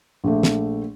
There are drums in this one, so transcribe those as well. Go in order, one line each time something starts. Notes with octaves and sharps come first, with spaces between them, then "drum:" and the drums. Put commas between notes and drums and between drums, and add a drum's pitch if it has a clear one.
A#1 A3
drum: snare